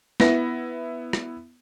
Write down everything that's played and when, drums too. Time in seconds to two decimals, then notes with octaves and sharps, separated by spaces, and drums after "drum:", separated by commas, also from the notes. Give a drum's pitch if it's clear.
0.20 B3 E4 A#6, drum: snare
1.13 drum: rim click